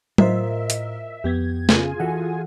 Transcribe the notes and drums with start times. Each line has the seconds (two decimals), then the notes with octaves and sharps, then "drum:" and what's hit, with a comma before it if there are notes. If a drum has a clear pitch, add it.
0.18 A2 F4 A#4 C5 D#5 E5, drum: tom F#3
0.70 drum: hi-hat
1.24 F2 B3 G4 G#6
1.69 C#3 F4 G#4 G#5, drum: snare
2.00 E3 F#4 A4 F#5